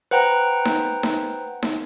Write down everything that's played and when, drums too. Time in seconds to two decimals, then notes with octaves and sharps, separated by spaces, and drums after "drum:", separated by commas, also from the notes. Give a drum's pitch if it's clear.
0.11 B4 C5 F#5 G5 A#5
0.65 drum: snare D#4
1.03 drum: snare D#4
1.63 drum: snare D#4